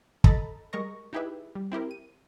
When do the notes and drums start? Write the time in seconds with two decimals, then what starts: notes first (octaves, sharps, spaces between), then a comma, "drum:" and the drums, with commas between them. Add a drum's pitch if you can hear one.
0.24 A4 D#5 A#5 B5 A6, drum: kick
0.73 G3 G#3 A#4 D#5 C#6 A#6
1.13 D#4 E4 G4 G#4 B4 E5
1.55 G3
1.72 C4 E4 G4 A#4
1.91 D#7